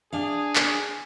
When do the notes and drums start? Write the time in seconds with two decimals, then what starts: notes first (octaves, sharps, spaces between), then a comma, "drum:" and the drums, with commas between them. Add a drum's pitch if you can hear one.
0.13 D4 G#4 F5
0.55 drum: clap